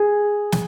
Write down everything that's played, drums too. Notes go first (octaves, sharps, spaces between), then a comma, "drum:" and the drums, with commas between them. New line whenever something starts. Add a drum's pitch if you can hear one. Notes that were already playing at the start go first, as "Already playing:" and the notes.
Already playing: G#4
drum: snare